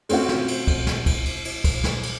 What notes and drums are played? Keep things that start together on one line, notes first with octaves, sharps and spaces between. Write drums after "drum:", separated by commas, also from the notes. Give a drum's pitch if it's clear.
A3 C4 C#4 F4 F#4, drum: cymbal
drum: snare
drum: cymbal
drum: kick, cymbal
drum: snare
drum: kick, cymbal
drum: cymbal
drum: cymbal
drum: kick, cymbal
drum: snare
drum: cymbal